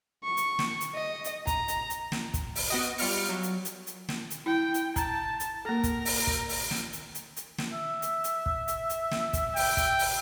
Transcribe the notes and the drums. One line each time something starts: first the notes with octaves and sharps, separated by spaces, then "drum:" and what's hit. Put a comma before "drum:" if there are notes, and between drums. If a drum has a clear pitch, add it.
C#6
drum: hi-hat
drum: snare
drum: hi-hat
D#5
drum: hi-hat
A#5, drum: kick, hi-hat
drum: hi-hat
drum: hi-hat
drum: snare
drum: kick, hi-hat
drum: open hi-hat
B3 F#4 D#5
G3 F4 F6 C#7, drum: open hi-hat
F#3
drum: hi-hat
drum: hi-hat
drum: hi-hat
drum: snare
drum: hi-hat
E4 G5
drum: hi-hat
A5 A#5, drum: kick, hi-hat
drum: hi-hat
A#3 A4 A#4 A#5
drum: kick, hi-hat
drum: open hi-hat
drum: kick
drum: open hi-hat
drum: snare
drum: hi-hat
drum: hi-hat
drum: hi-hat
drum: snare
E5
drum: hi-hat
drum: hi-hat
drum: kick
drum: hi-hat
drum: hi-hat
drum: snare
drum: kick, hi-hat
G5, drum: open hi-hat
drum: kick, hi-hat
drum: open hi-hat